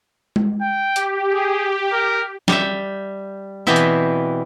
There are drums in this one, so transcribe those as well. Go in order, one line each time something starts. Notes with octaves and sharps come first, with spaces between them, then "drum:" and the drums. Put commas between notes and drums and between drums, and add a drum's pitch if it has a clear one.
drum: tom G#3
G5
G4, drum: hi-hat
G#4
A#4
G3 E5, drum: snare
B2 E3 G3 B3 C4 E4
drum: hi-hat